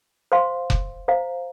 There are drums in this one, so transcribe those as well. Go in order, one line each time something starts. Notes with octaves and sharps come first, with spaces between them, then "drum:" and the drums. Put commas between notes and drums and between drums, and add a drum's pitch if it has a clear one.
C5 F5 C6
drum: kick F1
C5 F5 A#5